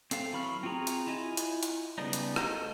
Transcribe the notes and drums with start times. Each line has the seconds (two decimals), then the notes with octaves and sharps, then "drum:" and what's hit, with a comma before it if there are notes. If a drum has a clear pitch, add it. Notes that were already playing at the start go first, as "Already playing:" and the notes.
0.11 C4 A4 F5, drum: hi-hat
0.33 E3 F#3 B5 C#6 F6
0.63 C4 F4 F#4 G#4 A#5
0.87 drum: hi-hat
1.07 E4 F4 D#5 G#5
1.37 drum: hi-hat
1.63 drum: hi-hat
1.98 C#3 G3 B3 D4 D#4
2.13 drum: hi-hat
2.36 A3 D#5 A#5 G6, drum: rim click